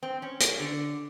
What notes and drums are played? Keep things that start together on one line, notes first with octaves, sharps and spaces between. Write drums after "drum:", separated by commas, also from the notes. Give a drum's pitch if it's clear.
C4
C#4
drum: hi-hat
D3